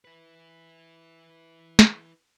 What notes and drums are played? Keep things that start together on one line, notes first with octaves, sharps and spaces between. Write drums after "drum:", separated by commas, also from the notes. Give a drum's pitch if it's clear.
E4 B4
drum: snare